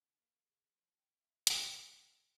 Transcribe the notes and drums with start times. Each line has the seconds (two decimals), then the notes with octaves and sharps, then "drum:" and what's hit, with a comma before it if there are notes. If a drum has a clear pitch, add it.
0.01 D#2
0.19 A#3
0.44 C#3
0.70 F3
0.96 G5
1.21 E5
1.47 D5, drum: hi-hat
1.61 F#3
1.83 A3
2.06 C3